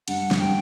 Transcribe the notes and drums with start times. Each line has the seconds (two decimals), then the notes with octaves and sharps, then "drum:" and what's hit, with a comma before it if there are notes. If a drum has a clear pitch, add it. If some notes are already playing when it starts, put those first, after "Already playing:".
0.08 G2 F#5, drum: cymbal
0.31 G2, drum: snare
0.38 G5